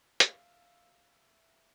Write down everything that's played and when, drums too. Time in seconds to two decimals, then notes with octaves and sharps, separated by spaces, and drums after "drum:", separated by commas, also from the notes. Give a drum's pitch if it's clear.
0.20 E5 F5, drum: hi-hat